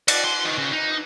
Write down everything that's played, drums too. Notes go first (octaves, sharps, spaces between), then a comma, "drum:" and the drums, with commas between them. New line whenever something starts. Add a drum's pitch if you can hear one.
D5, drum: cymbal
C6
D#3
C#3
D#4